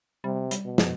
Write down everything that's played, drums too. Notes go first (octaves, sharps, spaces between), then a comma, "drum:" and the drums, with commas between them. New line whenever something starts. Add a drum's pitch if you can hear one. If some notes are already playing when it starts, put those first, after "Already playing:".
C3 G3
G3, drum: hi-hat
B2
F3, drum: snare